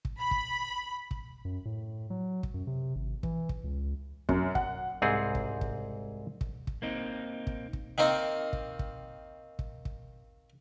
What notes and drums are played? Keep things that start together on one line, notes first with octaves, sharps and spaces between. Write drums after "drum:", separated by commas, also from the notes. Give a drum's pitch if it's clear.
drum: kick
B5
drum: kick
drum: kick
F#2
A2
F#3
drum: kick
F#2
C3
G#1
E3, drum: kick
drum: kick
C#2
F#2, drum: kick
F#5, drum: kick
C2 G#2 C4 G#4 F#5
drum: kick
drum: kick
drum: kick
drum: kick
A#3 C4 D#4
drum: kick
drum: kick
D#3 A#3 C4 D#4
drum: kick
drum: kick
drum: kick
drum: kick